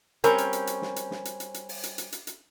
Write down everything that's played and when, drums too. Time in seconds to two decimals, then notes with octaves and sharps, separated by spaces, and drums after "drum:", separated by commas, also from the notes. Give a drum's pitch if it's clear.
0.24 G3 C4 C#4 A#4, drum: hi-hat
0.38 drum: hi-hat
0.53 drum: hi-hat
0.67 drum: hi-hat
0.82 drum: snare
0.96 drum: hi-hat
1.11 drum: snare
1.25 drum: hi-hat
1.40 drum: hi-hat
1.54 drum: hi-hat
1.69 drum: open hi-hat
1.83 drum: hi-hat
1.98 drum: hi-hat
2.12 drum: hi-hat
2.27 drum: hi-hat